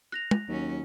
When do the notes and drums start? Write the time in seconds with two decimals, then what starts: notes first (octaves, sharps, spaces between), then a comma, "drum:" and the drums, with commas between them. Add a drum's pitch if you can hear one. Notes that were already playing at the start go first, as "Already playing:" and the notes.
0.12 F#6 A#6 F7
0.31 drum: tom
0.48 D#2 F#3 C#4